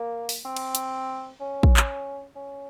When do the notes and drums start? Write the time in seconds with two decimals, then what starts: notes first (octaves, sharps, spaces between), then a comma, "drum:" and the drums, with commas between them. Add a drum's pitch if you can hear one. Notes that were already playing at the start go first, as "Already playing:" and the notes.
Already playing: A#3
0.29 drum: open hi-hat
0.45 C4
0.56 drum: cymbal
0.75 drum: hi-hat
1.41 C#4
1.63 drum: kick
1.77 drum: clap
2.35 C#4